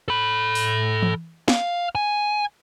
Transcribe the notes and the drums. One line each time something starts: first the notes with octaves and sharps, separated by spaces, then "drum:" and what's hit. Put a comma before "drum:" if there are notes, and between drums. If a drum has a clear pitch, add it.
A4 B5
drum: open hi-hat
drum: tom E3
F5, drum: snare
G#5